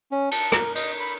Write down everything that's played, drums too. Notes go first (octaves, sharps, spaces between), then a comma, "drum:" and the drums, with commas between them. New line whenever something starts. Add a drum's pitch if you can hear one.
C#4
A5, drum: cymbal
A#4, drum: rim click
D#5, drum: cymbal
B5